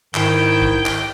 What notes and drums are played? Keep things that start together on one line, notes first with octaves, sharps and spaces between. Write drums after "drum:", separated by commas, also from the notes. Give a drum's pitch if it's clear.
G#2 D#3 E4 G5, drum: clap
drum: kick
drum: clap